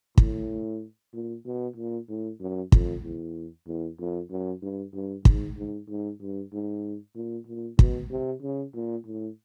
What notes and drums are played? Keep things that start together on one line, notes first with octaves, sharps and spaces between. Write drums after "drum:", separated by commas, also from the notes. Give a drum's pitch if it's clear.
A2, drum: kick
A#2
B2
A#2
A2
F#2
F2, drum: kick
E2
E2
F2
F#2
G2
G2
G#2, drum: kick
G#2
G#2
G2
G#2
A#2
A#2
B2, drum: kick
C3
C#3
A#2
A2